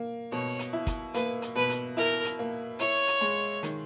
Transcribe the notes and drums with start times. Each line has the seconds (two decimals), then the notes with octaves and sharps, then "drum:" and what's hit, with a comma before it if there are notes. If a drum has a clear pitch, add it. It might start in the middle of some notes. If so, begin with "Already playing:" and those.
Already playing: A#3
0.32 B2 C#5
0.59 drum: hi-hat
0.73 E4
0.87 drum: kick, hi-hat
1.14 A#3 B4, drum: hi-hat
1.42 drum: hi-hat
1.55 B2 B4
1.70 drum: hi-hat
1.97 E4 A#4
2.25 drum: hi-hat
2.39 A#3
2.79 E4 C#5, drum: hi-hat
3.08 drum: hi-hat
3.21 G#3
3.63 D#3, drum: hi-hat